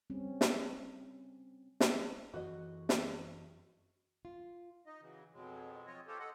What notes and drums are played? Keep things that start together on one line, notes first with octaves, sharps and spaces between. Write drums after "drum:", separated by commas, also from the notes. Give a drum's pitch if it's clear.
G3 C4 C#4
drum: snare
drum: snare
F#2 E3 F#3 F#4 D#5
drum: snare
F4
D#4 D#5
C#3 E3 F#3
F2 B2 F#3 G#3
C4 F4 C#5 D#5
C#4 F4 G4 A4 C5 C#5
A4 D#5 F#5